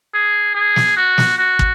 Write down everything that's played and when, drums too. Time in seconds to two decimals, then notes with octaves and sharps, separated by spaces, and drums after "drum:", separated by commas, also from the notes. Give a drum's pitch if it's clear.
0.14 G#4
0.55 G#4
0.76 drum: snare
0.97 F#4
1.18 drum: snare
1.38 F#4
1.59 drum: kick